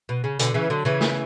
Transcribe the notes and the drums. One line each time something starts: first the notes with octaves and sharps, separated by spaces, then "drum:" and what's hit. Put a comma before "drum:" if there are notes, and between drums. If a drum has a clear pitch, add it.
B2
C#3
B2 D3, drum: hi-hat
C#3 E3
D3 F#3
C#3 E3
drum: snare